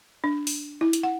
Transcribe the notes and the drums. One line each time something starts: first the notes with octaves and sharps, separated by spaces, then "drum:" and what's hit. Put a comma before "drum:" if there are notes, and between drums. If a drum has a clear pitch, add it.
D4
drum: open hi-hat
E4
drum: hi-hat
F#5